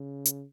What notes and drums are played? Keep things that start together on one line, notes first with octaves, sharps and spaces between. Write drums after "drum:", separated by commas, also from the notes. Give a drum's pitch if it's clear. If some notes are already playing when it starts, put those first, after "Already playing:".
Already playing: C#3
drum: hi-hat